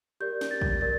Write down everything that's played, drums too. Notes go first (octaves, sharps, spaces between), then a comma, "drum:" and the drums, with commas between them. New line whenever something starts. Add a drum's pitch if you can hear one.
G4 A#4 D5 G6
drum: snare
A6
drum: kick
G4 A#4 D5 A6